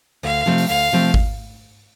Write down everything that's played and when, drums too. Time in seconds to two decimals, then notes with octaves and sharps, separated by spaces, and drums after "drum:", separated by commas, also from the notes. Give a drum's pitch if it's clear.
0.23 D2 F5
0.46 C3 F3 A3 C4
0.58 drum: open hi-hat
0.69 D2 F5
0.92 C3 F3 A3 C4
1.14 drum: kick G#1